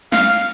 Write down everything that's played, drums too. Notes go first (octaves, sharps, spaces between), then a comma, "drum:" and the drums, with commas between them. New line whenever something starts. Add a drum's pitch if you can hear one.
F5, drum: snare